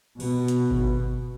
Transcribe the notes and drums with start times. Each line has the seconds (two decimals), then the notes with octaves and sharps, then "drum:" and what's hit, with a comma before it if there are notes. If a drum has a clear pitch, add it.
0.20 B2, drum: cymbal
0.48 drum: hi-hat
0.71 drum: kick G#1